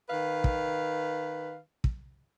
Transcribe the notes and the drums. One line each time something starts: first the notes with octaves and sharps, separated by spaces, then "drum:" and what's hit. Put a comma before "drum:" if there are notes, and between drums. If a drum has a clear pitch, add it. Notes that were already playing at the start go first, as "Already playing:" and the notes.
D#3 B4 F5
drum: kick
drum: kick